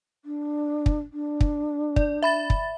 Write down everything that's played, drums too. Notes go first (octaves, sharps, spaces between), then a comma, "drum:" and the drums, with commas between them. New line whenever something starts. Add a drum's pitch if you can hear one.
D4
drum: kick
D4
drum: kick
D5, drum: kick
E5 B5 A6
drum: kick